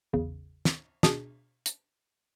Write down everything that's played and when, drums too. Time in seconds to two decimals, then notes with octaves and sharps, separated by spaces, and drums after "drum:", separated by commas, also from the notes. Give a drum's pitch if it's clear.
0.13 A1 E2 C#3
0.65 drum: snare
1.03 B2 D4 G#4, drum: snare
1.66 drum: hi-hat